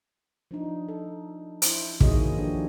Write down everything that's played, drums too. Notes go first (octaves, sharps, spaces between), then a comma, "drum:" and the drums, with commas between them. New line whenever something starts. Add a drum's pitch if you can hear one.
F3 D4 D#4
A4
E4 C5, drum: hi-hat
D#3 A#3 F#4 G#4 C#5 D#5, drum: kick
F3 D4 G4 A4 C#5